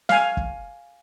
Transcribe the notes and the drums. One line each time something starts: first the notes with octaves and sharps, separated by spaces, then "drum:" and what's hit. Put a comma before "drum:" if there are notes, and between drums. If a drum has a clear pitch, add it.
F5 G#5, drum: snare
drum: kick